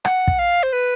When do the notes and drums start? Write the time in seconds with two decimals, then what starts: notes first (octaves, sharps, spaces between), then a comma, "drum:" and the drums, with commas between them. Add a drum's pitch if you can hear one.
0.05 F#5, drum: rim click
0.27 drum: kick
0.39 F5
0.63 C5
0.73 B4